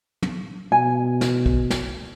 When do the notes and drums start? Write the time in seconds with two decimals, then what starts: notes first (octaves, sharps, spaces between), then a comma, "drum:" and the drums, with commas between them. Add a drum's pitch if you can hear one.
0.23 drum: tom
0.72 B2 G#5
1.21 drum: snare
1.46 drum: kick
1.70 drum: snare